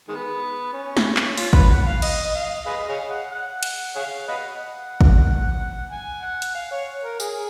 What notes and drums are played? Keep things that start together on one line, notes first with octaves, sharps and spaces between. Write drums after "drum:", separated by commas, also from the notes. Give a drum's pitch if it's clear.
D#3 G#3 B3
C#4
drum: snare
drum: clap
F4, drum: open hi-hat
B4, drum: kick
F#5
F5
D#5, drum: cymbal
D#5
F5
G#4 B4 D#5
G#4 C#5 F5
F#5
F#5
drum: cymbal
G#4 C#5 F5
B4 D#5 F#5
drum: kick
G#5
F#5
drum: hi-hat
F5
C#5
A#4
G#4, drum: tambourine